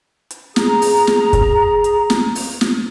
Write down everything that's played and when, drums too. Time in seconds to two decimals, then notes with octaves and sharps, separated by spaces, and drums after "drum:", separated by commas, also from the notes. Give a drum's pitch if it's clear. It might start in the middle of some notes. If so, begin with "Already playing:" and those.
0.31 drum: hi-hat
0.56 G#4 A#5, drum: snare
0.82 drum: open hi-hat
1.07 drum: snare
1.33 drum: kick, hi-hat
1.84 drum: hi-hat
2.10 drum: snare
2.35 drum: open hi-hat
2.61 drum: snare